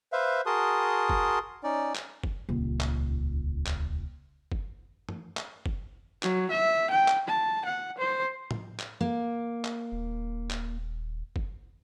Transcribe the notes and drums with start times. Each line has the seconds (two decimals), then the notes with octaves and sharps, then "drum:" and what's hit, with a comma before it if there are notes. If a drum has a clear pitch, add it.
0.12 B4 C5 E5 F5
0.46 F#4 G#4 A#4 A5 C6 D#6
1.09 drum: kick F#1
1.63 C#4 D#4 D5
1.95 drum: clap
2.24 drum: kick F#1
2.49 D#1 C#2
2.81 drum: clap
3.66 drum: clap
4.52 drum: kick F#1
5.09 drum: tom
5.37 drum: clap
5.66 drum: kick F#1
6.23 F#3, drum: clap
6.51 E5
6.91 G5
7.08 drum: clap
7.28 A5
7.65 F#5
7.98 C5
8.51 drum: tom A2
8.79 drum: clap
9.01 A#3
9.65 drum: clap
9.92 D#1
10.50 drum: clap
11.36 drum: kick F#1